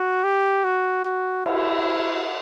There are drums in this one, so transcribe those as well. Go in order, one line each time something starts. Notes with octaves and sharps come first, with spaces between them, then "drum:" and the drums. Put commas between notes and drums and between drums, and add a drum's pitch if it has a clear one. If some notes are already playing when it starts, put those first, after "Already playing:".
Already playing: F#4
G4
F#4
F#4
E4, drum: cymbal